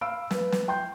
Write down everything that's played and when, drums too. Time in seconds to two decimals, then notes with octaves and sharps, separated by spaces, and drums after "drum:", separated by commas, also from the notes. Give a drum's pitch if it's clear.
0.01 F5 B5 E6 D7
0.31 B4, drum: snare
0.52 drum: snare
0.68 G5 C6 G6